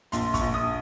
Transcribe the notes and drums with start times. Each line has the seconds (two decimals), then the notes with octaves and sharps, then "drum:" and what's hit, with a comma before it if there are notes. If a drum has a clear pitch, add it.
0.12 A#1 C6, drum: hi-hat
0.34 C#6, drum: kick, hi-hat
0.40 A#1
0.54 D#6